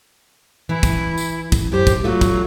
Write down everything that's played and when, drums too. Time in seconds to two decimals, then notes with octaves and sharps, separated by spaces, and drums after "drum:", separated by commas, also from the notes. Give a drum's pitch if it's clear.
0.69 E3 E4
0.83 drum: kick, tambourine
1.18 drum: tambourine
1.52 drum: kick, tambourine
1.72 F#2 G4 C5
1.87 drum: kick, tambourine
2.04 F#3 A3 F4
2.21 drum: kick, tambourine